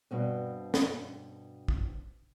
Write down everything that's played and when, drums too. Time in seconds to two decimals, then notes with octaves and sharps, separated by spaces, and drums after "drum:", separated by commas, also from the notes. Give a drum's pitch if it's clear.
0.11 G2 B2 C4
0.74 drum: snare
1.68 drum: kick